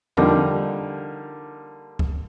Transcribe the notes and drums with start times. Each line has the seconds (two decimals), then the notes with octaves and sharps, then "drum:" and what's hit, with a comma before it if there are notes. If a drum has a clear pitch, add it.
0.17 D3 F3 G3 A#3 D#4, drum: tom E2
1.99 drum: kick